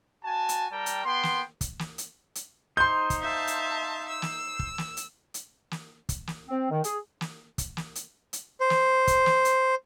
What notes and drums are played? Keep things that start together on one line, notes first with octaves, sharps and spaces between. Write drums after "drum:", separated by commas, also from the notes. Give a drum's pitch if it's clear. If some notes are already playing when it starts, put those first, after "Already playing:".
F#4 G#5 A5
drum: hi-hat
G3 A#4 G5 A5 A#5
drum: hi-hat
B3 G5 C6
drum: snare
drum: kick, hi-hat
drum: snare
drum: hi-hat
drum: hi-hat
D#4 C5 C6 G6
drum: kick, hi-hat
E5 F5 A5
drum: hi-hat
E6
drum: snare
drum: kick
drum: snare
drum: hi-hat
drum: hi-hat
drum: snare
drum: kick, hi-hat
drum: snare
C4
D#3
G#4, drum: hi-hat
drum: snare
drum: kick, hi-hat
drum: snare
drum: hi-hat
drum: hi-hat
C5
drum: snare
drum: kick, hi-hat
drum: snare
drum: hi-hat